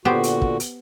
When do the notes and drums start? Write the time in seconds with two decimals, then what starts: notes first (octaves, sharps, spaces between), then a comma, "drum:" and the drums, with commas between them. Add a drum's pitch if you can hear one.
0.05 A#2 D3 B3 F#4 G4 C5
0.23 drum: hi-hat
0.42 drum: kick
0.60 drum: hi-hat